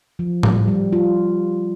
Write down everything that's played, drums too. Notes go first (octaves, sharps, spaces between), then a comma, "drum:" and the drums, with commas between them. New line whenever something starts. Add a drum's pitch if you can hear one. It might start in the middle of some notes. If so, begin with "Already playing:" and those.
F3
G3, drum: tom A2
G3
F4